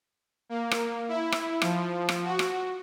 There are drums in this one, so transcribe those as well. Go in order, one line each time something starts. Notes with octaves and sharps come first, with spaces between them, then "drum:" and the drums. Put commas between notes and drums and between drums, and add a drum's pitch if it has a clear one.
A#3
drum: rim click
E4
drum: rim click
F3, drum: rim click
drum: rim click
F#4
drum: rim click